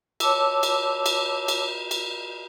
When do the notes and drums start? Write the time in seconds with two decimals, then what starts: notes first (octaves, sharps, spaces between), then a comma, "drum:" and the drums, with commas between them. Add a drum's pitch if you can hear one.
0.20 C#5 A5 D6 E6, drum: cymbal
0.63 drum: cymbal
1.06 drum: cymbal
1.48 drum: cymbal
1.91 drum: cymbal